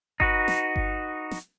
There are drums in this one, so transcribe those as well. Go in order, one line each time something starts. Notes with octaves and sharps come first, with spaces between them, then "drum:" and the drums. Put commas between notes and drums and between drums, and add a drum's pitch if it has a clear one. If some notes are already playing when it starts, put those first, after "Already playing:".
D#4 F#4 B4, drum: kick G1
drum: snare
drum: kick G1
drum: snare